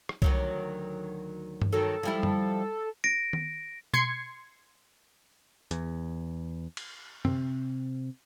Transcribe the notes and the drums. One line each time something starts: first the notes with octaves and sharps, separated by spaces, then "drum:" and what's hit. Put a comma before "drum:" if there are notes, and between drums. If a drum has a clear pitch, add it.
drum: rim click
D2 D#3 F#3, drum: kick
drum: tom G2
D#3 F#3 A4
F3 G3 E4
drum: tom
A#6 D7
drum: tom D#3
C6 G#6 C7 C#7, drum: tom B2
E2, drum: hi-hat
drum: cymbal
C3 C4, drum: tom